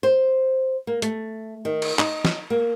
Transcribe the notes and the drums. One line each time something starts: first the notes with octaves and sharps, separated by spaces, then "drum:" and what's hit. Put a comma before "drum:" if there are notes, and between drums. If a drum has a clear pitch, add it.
C5
A#3
A3, drum: hi-hat
D#3
drum: cymbal
D#4, drum: clap
drum: snare
A#3